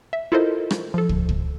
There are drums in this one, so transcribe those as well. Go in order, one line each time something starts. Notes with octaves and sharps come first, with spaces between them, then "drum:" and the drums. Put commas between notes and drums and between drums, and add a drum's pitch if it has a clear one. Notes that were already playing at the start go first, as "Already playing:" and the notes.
E5
E4 F4 A4 A#4 C5 D#5
drum: rim click
F3 A4
drum: kick
drum: kick